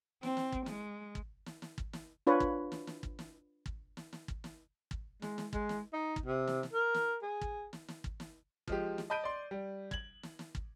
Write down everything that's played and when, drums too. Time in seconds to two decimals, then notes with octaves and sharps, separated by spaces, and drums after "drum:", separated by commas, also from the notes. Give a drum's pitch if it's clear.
0.23 C4, drum: snare
0.37 drum: snare
0.52 drum: kick
0.66 G#3, drum: snare
1.15 drum: kick
1.46 drum: snare
1.62 drum: snare
1.78 drum: kick
1.93 drum: snare
2.27 D4 F4 B4 C#5
2.40 drum: kick
2.72 drum: snare
2.87 drum: snare
3.03 drum: kick
3.19 drum: snare
3.66 drum: kick
3.97 drum: snare
4.13 drum: snare
4.28 drum: kick
4.44 drum: snare
4.91 drum: kick
5.22 G#3, drum: snare
5.38 drum: snare
5.53 G#3, drum: kick
5.69 drum: snare
5.93 D#4
6.16 drum: kick
6.26 C3
6.47 drum: snare
6.63 drum: snare
6.73 A#4
6.94 drum: snare
7.22 G#4
7.41 drum: kick
7.73 drum: snare
7.88 drum: snare
8.04 drum: kick
8.20 drum: snare
8.68 F3 G#3 G4, drum: kick
8.98 drum: snare
9.10 D#5 A5 B5 G6 D7 D#7
9.23 D5 C6
9.51 G3
9.91 G#6 F#7, drum: kick
10.23 drum: snare
10.39 drum: snare
10.55 drum: kick